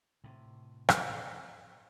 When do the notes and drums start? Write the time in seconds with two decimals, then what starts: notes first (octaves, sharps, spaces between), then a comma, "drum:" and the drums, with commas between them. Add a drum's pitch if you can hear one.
0.24 A2 C3
0.89 drum: rim click